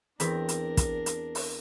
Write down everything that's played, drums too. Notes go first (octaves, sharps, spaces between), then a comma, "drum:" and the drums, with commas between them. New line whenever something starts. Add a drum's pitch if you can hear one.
E2 C4 D4 A#4 B5, drum: hi-hat
drum: hi-hat
drum: kick, hi-hat
drum: hi-hat
drum: open hi-hat